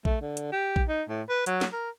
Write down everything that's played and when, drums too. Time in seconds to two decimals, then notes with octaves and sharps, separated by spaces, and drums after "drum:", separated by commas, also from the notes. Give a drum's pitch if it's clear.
0.05 A3, drum: kick A#1
0.21 D3
0.37 drum: hi-hat
0.52 G4
0.76 drum: kick A#1
0.88 D#4
1.09 A2
1.29 B4
1.46 F#3, drum: hi-hat
1.61 drum: snare
1.72 A#4